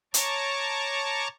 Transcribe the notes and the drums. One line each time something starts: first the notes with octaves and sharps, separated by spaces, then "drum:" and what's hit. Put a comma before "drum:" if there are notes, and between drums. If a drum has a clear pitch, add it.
C#5 A5 A#5 C#6 D6, drum: hi-hat